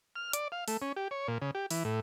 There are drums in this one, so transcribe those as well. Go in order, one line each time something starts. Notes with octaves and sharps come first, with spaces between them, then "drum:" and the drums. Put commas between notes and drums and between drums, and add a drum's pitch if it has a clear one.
F6
D5, drum: hi-hat
F5
A3, drum: open hi-hat
C#4
G4
C#5
A#2
C#3
G4
E3, drum: open hi-hat
A2